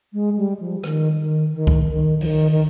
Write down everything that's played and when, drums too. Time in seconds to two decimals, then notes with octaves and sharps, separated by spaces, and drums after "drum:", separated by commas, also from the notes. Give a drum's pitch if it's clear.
0.13 G#3
0.37 G3
0.60 F3
0.84 D#3, drum: rim click
1.19 D#3
1.54 D#3
1.67 drum: kick C2
1.90 D#3
2.21 F3, drum: open hi-hat
2.26 D#3
2.51 D#3